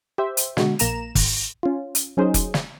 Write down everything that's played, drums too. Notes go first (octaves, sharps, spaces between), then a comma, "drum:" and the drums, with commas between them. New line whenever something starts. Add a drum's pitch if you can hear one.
G4 C5 E5
drum: hi-hat
B2 D3 G#3 F#4, drum: snare
A#1 A#3 A#5 E7, drum: hi-hat
G#1, drum: kick F1, open hi-hat
C#4 F4
drum: hi-hat
F#3 C#4 D#4 G#4 C5
drum: kick F1, hi-hat
drum: snare